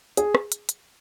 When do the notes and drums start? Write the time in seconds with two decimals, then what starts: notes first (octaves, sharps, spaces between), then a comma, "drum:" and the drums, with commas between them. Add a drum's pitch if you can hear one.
0.17 G#4, drum: hi-hat
0.35 drum: rim click
0.52 drum: hi-hat
0.69 drum: hi-hat